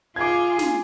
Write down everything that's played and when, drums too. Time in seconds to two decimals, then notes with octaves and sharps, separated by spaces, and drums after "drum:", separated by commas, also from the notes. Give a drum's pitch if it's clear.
0.16 F4 G#4 D6 G#6
0.59 drum: snare